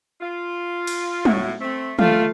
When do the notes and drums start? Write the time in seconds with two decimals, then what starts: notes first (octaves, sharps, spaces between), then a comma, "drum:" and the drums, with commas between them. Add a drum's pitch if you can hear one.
0.21 F4
0.87 drum: cymbal
1.25 A2 F#4, drum: tom
1.61 A3 C4
1.99 A3 F4 F5, drum: tom